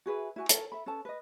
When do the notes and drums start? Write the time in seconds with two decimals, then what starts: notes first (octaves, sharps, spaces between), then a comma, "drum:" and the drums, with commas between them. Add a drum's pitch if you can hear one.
0.06 F#4 G#4 B4 E5
0.36 E4 F#4 G#5
0.49 A4 A#4 C#5, drum: hi-hat
0.72 E5 B5
0.86 C#4 A4 B4 A5
1.05 B4 D#5